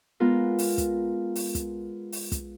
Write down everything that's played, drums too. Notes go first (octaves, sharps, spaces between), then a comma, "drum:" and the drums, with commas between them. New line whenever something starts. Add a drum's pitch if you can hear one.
G#3 B3 F4 A#4
drum: open hi-hat
drum: kick, hi-hat
drum: open hi-hat
drum: kick, hi-hat
drum: open hi-hat
drum: kick, hi-hat